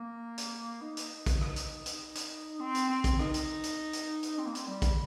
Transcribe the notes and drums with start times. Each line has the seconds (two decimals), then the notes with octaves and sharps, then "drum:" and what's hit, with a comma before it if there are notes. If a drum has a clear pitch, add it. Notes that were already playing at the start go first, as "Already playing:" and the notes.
Already playing: A#3
0.38 drum: hi-hat
0.81 D#4
0.97 drum: hi-hat
1.26 drum: kick A#1, hi-hat
1.41 drum: rim click
1.56 drum: hi-hat
1.86 drum: hi-hat
2.15 drum: hi-hat
2.60 C4
2.75 drum: hi-hat
2.90 C4
3.04 drum: kick A#1, hi-hat
3.19 D#4, drum: rim click
3.34 drum: hi-hat
3.63 drum: hi-hat
3.93 drum: hi-hat
4.23 drum: hi-hat
4.38 C4
4.46 A#3
4.55 C4, drum: hi-hat
4.67 G3
4.82 drum: kick A#1, hi-hat